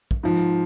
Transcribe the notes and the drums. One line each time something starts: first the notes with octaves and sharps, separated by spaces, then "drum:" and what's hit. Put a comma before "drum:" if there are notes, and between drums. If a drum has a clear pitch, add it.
drum: kick
G#2 F3